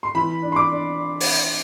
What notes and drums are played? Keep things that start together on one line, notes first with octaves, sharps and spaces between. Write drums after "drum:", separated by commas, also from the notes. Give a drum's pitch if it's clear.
C6
E3 B5
D4
C6
D6
D4
drum: open hi-hat